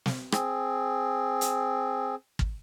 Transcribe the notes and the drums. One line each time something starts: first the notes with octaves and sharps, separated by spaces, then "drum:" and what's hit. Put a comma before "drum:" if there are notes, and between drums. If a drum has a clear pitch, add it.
drum: snare
C4 G#4, drum: rim click
drum: hi-hat
drum: kick